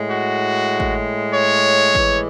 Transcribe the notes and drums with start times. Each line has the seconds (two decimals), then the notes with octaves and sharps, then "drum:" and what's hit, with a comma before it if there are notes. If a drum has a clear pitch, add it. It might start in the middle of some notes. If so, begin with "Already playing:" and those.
Already playing: A2 G#3
0.10 F#4
0.80 drum: kick
1.34 C#5
1.95 A2 E3 G#3, drum: kick